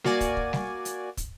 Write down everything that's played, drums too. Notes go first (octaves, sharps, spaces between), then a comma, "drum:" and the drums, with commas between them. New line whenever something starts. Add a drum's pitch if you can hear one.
A#3 F#4 D5 G#5, drum: snare G3
drum: kick, hi-hat
drum: kick
drum: snare G3
drum: hi-hat
drum: kick, hi-hat